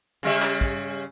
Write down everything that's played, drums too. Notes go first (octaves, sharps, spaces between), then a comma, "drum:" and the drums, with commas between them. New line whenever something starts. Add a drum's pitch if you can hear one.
C#3 G3 E5, drum: hi-hat
drum: clap
drum: kick, hi-hat